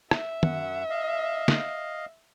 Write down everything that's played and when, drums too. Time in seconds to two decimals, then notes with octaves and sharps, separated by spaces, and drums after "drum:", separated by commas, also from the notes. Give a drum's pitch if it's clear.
0.11 E5, drum: rim click
0.43 F#2 F#5, drum: tom
0.90 D#5 F5
1.48 drum: snare